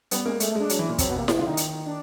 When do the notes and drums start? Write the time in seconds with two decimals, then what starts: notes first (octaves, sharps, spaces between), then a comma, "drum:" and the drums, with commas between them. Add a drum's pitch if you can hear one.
0.11 G3 B3, drum: hi-hat
0.25 G#3 A#3
0.40 G#3 A3, drum: hi-hat
0.50 A3
0.55 G#3 D4
0.69 F#3, drum: hi-hat
0.79 E3
0.89 A#2
0.98 F#2 C4, drum: kick, hi-hat
1.09 B2 B3
1.18 C3 A#3
1.28 drum: snare E4
1.38 D3 F4
1.47 D#3 D#4
1.57 drum: hi-hat
1.86 D4